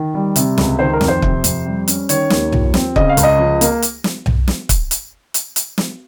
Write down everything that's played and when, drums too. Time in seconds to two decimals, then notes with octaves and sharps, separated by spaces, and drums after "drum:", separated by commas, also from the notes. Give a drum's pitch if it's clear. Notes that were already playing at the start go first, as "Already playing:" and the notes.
Already playing: D#3
0.14 G3
0.36 C3, drum: hi-hat
0.58 C#2, drum: snare
0.79 D#3 C5
0.93 A#4
1.01 F2, drum: snare
1.08 C5
1.22 C3, drum: kick
1.44 F2, drum: hi-hat
1.66 G3
1.88 C#4, drum: hi-hat
2.09 D#3 C#5, drum: hi-hat
2.30 D#2, drum: snare
2.52 F3, drum: tom B1
2.74 C4, drum: snare
2.96 C#3 D#5, drum: kick
3.09 F5
3.17 C#2, drum: hi-hat
3.23 D#5
3.39 F3
3.61 A#3, drum: hi-hat
3.82 drum: hi-hat
4.04 drum: snare
4.26 drum: tom B1
4.48 drum: snare
4.69 drum: kick, hi-hat
4.91 drum: hi-hat
5.34 drum: hi-hat
5.56 drum: hi-hat
5.78 drum: snare